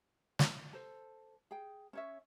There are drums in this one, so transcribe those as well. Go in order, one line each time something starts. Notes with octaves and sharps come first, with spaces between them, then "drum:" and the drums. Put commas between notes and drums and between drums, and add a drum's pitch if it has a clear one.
drum: snare
A4 C5
G#4 G5
C#4 C#5 E5